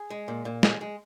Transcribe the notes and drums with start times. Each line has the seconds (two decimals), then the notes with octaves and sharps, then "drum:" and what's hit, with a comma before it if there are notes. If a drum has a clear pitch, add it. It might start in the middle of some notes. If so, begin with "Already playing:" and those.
Already playing: G#4
0.10 G#3
0.28 A#2
0.45 A#2
0.63 G#3, drum: snare
0.81 G#3